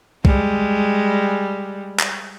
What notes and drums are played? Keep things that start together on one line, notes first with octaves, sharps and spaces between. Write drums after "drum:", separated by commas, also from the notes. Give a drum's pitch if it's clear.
G3 G#3, drum: kick B1
drum: clap